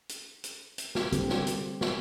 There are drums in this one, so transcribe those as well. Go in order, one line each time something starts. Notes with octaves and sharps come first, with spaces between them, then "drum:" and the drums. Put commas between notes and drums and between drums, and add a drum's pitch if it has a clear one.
drum: hi-hat
drum: hi-hat
drum: hi-hat
drum: snare
D3 G3 A#3 C4 G4 A4, drum: hi-hat
drum: snare
drum: hi-hat
drum: snare